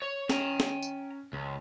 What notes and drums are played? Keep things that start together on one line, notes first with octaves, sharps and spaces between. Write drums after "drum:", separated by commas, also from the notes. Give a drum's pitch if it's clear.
C#5
C#4 G5 A#5, drum: snare
drum: snare
drum: tambourine
C#2